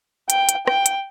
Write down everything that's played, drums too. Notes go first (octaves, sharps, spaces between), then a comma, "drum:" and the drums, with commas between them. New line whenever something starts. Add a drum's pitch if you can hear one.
G5, drum: hi-hat
drum: hi-hat
G5, drum: rim click
drum: hi-hat